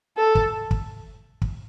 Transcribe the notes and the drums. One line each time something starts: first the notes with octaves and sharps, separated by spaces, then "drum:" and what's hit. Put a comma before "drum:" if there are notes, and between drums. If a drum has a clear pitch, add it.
A4
drum: kick
drum: kick
drum: kick